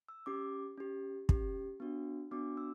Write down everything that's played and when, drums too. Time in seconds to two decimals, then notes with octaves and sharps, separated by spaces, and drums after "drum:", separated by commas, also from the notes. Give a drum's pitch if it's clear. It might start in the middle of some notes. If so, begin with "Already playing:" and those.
0.09 E6
0.26 C#4 G4 D6
0.77 C#4 G4
1.29 C#4 G4, drum: kick
1.80 B3 D4 F#4
2.31 B3 D4 F#4 D6
2.57 E6